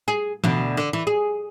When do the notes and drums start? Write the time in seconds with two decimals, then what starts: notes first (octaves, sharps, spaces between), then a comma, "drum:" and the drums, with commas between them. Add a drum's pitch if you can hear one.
0.08 G#4
0.44 D2 B2 D3, drum: tom E3
0.77 D3
0.93 E3
1.07 G#4